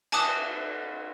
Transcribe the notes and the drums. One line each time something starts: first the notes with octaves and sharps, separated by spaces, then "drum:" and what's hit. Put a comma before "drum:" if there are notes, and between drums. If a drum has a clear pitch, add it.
G#5 A5 D6 D#6 F#6, drum: cymbal